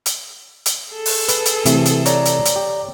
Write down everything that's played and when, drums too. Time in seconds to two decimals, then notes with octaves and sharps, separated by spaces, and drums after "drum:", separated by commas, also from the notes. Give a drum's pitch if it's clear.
0.06 drum: hi-hat
0.66 drum: hi-hat
0.92 G#4 A4
1.06 drum: open hi-hat
1.28 B4, drum: hi-hat
1.45 drum: hi-hat
1.65 C3 E3 A3, drum: hi-hat
1.85 drum: hi-hat
2.06 C#5 D5 A#5, drum: hi-hat
2.25 drum: hi-hat
2.45 drum: hi-hat
2.56 G4